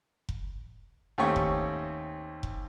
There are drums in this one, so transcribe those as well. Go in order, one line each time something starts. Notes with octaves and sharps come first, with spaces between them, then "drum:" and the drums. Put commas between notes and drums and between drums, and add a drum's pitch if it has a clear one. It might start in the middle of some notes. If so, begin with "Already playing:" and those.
drum: kick F1
D#2 A3 C4 C#4 G4 C#6
drum: kick F1
drum: kick F1